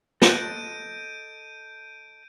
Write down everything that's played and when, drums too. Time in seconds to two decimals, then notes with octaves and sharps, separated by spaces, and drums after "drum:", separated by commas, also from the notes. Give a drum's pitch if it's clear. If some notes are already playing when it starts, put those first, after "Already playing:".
0.22 A4 D#5 F#6 G6 D7 D#7, drum: snare